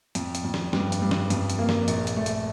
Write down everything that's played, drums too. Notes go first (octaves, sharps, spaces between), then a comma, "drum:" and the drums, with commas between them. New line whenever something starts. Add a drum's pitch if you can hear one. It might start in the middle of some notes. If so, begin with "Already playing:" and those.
F2, drum: hi-hat
drum: hi-hat
F2
drum: snare
G2, drum: snare
drum: hi-hat
G2
drum: snare
F2, drum: hi-hat
drum: hi-hat
A#3
drum: snare
A#1, drum: hi-hat
drum: hi-hat
A3
drum: hi-hat